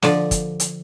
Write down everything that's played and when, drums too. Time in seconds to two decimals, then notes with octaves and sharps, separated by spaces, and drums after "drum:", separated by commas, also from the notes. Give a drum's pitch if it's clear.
0.02 D3 F3 D5, drum: snare
0.31 drum: kick, hi-hat
0.60 drum: hi-hat